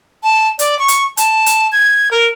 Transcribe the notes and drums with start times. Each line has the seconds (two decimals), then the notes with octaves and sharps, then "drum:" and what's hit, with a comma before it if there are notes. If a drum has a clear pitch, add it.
0.23 A5
0.59 D5, drum: hi-hat
0.79 C#6
0.88 drum: hi-hat
1.17 A5, drum: hi-hat
1.46 drum: hi-hat
1.72 G#6
2.11 A#4